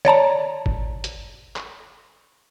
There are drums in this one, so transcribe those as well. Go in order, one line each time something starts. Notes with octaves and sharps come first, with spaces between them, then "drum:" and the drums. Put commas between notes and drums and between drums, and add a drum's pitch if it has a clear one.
C#5 D5 A5 A#5, drum: snare
drum: kick G1
drum: hi-hat
drum: clap